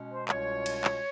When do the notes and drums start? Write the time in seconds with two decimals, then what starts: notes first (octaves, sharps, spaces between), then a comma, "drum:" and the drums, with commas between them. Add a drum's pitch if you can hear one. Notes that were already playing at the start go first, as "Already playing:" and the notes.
Already playing: B2 G#3 C#4
0.10 C5
0.28 C2 B2 G#3 C#4 F4 C#5, drum: clap
0.66 drum: cymbal
0.84 drum: clap